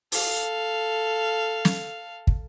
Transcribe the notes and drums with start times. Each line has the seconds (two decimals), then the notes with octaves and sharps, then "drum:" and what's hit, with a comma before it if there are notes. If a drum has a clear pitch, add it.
0.12 A4 F5, drum: open hi-hat
1.65 drum: snare
2.27 drum: kick